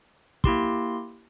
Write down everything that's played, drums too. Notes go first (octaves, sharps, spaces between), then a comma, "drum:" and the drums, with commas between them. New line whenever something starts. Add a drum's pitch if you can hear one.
A#3 E4 G4 C6, drum: kick